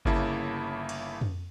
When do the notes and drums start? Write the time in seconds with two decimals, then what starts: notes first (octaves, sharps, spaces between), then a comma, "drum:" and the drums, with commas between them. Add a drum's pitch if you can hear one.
0.05 G1 C#3 A#3 E4 A5, drum: kick G1
0.89 drum: cymbal
1.21 drum: tom F2